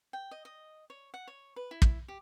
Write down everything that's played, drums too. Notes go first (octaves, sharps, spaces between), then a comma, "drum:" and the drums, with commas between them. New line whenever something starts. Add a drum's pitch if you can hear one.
G5
D#5
D#5
C#5
F#5
C#5
B4
E4
drum: kick
G4